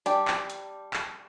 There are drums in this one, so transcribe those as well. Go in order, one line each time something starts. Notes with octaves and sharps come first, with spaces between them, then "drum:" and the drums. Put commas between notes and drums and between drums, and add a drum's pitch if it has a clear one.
G3 D4 G4 D5, drum: hi-hat
drum: clap
drum: hi-hat
drum: clap